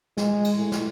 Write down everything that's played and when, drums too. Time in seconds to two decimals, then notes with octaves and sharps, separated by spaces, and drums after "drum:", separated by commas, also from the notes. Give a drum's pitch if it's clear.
0.17 G#3, drum: snare
0.45 drum: cymbal
0.56 A2
0.72 drum: snare